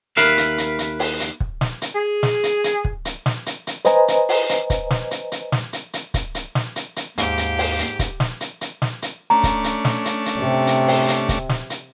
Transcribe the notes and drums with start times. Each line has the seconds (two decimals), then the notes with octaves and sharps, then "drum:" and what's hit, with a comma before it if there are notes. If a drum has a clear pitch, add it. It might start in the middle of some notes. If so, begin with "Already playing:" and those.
0.17 D#2 A#4 B4 E5 F5, drum: hi-hat
0.37 drum: hi-hat
0.58 drum: hi-hat
0.79 drum: hi-hat
0.99 drum: open hi-hat
1.20 drum: hi-hat
1.40 drum: kick
1.61 drum: snare
1.82 drum: hi-hat
1.95 G#4
2.23 drum: snare
2.43 drum: hi-hat
2.64 drum: hi-hat
2.85 drum: kick
3.05 drum: hi-hat
3.26 drum: snare
3.46 drum: hi-hat
3.67 drum: hi-hat
3.85 B4 C5 D#5 G#5 A#5, drum: hi-hat
4.08 drum: hi-hat
4.29 drum: open hi-hat
4.49 drum: hi-hat
4.70 drum: kick, hi-hat
4.90 drum: snare
5.11 drum: hi-hat
5.32 drum: hi-hat
5.52 drum: snare
5.73 drum: hi-hat
5.93 drum: hi-hat
6.14 drum: kick, hi-hat
6.35 drum: hi-hat
6.55 drum: snare
6.76 drum: hi-hat
6.96 drum: hi-hat
7.18 D#2 G#2 G4 F5, drum: hi-hat
7.38 drum: hi-hat
7.58 drum: open hi-hat
7.79 drum: hi-hat
7.99 drum: kick, hi-hat
8.20 drum: snare
8.41 drum: hi-hat
8.61 drum: hi-hat
8.82 drum: snare
9.02 drum: hi-hat
9.30 A3 C#4 D4 A#5
9.43 drum: kick, hi-hat
9.64 drum: hi-hat
9.85 drum: snare
10.05 drum: hi-hat
10.26 drum: hi-hat
10.39 C3
10.67 drum: hi-hat
10.88 drum: open hi-hat
11.08 drum: hi-hat
11.29 drum: kick, hi-hat
11.49 drum: snare
11.70 drum: hi-hat